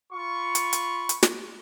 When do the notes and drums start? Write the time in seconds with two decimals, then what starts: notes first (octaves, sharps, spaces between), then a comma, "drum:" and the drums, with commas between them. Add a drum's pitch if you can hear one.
0.12 F4 B5 C#6
0.55 drum: hi-hat
0.73 drum: hi-hat
1.09 drum: hi-hat
1.23 drum: snare